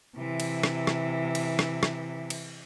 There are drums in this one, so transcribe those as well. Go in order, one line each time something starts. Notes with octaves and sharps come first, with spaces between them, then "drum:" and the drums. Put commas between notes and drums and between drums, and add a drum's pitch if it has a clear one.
C3 E3
drum: cymbal
drum: rim click
drum: rim click
drum: cymbal
drum: rim click
drum: rim click
drum: cymbal